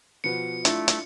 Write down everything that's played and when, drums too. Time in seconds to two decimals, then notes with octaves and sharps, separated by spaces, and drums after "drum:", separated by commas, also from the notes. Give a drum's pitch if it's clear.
0.24 B2 F3 B3 C#7
0.65 A3 D4 E4 F4, drum: hi-hat
0.88 drum: hi-hat